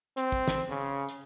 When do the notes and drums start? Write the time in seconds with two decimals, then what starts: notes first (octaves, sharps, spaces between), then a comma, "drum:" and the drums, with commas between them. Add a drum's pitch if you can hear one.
0.17 C4, drum: hi-hat
0.32 drum: kick
0.48 drum: snare
0.70 C#3
1.09 drum: hi-hat